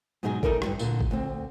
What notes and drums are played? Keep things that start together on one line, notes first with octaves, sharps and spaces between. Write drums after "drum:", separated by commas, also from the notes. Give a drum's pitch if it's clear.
G#2 B2 F#3 D#4 G#4 G#5
D#4 E4 A4 A#4 D5, drum: kick
D2 G2, drum: rim click
A#2 D3, drum: tambourine
drum: kick
D2 C4